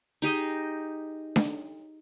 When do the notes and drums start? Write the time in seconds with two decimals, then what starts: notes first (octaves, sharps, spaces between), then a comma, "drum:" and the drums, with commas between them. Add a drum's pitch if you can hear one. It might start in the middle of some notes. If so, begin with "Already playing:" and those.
0.22 D#4 G4 G#4 D#5
1.36 drum: snare D4